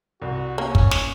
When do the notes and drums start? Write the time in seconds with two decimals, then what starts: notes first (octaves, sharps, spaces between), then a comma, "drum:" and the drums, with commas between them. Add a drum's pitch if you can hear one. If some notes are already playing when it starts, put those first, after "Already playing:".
0.22 C2 F#4
0.58 A#3 C#4
0.75 drum: kick
0.91 drum: snare